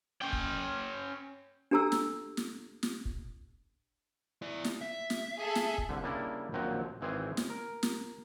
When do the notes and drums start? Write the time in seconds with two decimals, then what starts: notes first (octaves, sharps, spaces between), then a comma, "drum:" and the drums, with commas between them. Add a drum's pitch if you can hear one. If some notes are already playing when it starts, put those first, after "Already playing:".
0.22 C#4 G5
0.33 drum: kick
1.71 D4 G4 A4 A#5 E6
1.92 drum: snare
2.37 drum: snare
2.83 drum: snare
3.05 drum: kick
4.42 E4 D5
4.64 drum: snare
4.81 E5
5.10 drum: snare
5.39 G#4 A4
5.55 drum: snare
5.78 drum: kick
5.89 C2 D3
6.03 C#3 G3 A#3 D4 E4
6.52 A#1 D#2 F#3 C4 A#5
7.01 G#1 E3 C4 G#4
7.37 drum: snare
7.50 A#4
7.83 drum: snare